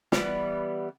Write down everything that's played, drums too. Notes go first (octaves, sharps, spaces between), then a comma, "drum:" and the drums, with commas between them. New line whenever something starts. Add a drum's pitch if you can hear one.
E3 G3 B3, drum: snare